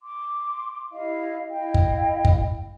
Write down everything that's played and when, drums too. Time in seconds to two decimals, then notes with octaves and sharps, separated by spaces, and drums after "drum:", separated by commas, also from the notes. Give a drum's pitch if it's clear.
0.01 C6 D6
0.92 E4 G4 D#5 F5
1.49 E4 D#5 F5 G5
1.75 drum: kick
2.25 drum: kick